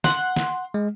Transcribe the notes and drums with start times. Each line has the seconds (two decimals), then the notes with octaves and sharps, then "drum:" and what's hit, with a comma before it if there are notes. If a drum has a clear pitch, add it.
0.04 F#5 C6, drum: snare
0.36 drum: snare
0.74 G#3